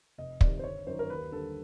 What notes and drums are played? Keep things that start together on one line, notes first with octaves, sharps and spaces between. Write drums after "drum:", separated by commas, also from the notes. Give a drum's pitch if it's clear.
F1 D#5
F2 C3 D#3 D5, drum: kick
C5
G1 C#5
F#2 D#3 C5
A#4
D#2 B4
D3 G3 A4